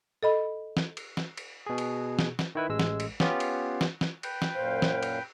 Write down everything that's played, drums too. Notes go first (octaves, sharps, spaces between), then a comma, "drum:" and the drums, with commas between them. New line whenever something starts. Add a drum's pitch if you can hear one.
A4 D#5 B5
drum: snare
drum: cymbal
drum: snare
drum: cymbal
B2 G#4
drum: cymbal
drum: snare
drum: snare
D#3 E4 B4
A1 G#3 E6
drum: snare
drum: cymbal
B3 C#4 F4 G4, drum: snare
drum: cymbal
drum: snare
drum: snare
B4 G5, drum: cymbal
drum: snare
F#2 A#2 C5 F5
drum: snare
drum: cymbal